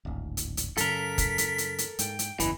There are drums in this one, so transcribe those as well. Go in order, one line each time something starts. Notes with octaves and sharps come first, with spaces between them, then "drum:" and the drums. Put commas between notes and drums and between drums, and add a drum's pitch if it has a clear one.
D1 G#1
drum: hi-hat
drum: hi-hat
F#2 C#3 A4 A#4 B6, drum: hi-hat
drum: kick, hi-hat
drum: hi-hat
drum: hi-hat
drum: hi-hat
G#2 G5, drum: hi-hat
drum: hi-hat
F#1 E2 E3 D#5, drum: hi-hat